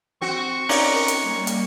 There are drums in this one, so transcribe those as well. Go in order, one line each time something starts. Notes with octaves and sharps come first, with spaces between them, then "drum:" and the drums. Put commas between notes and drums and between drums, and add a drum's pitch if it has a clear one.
C4 F#4 C#6
C#4 D#4 A#4 D5 G#5, drum: open hi-hat
drum: hi-hat
G3 A#3
drum: hi-hat